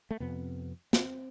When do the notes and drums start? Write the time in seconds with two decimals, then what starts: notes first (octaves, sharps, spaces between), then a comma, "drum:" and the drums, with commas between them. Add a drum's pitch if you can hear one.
0.11 A3
0.20 F2 C3 B3
0.93 C4, drum: snare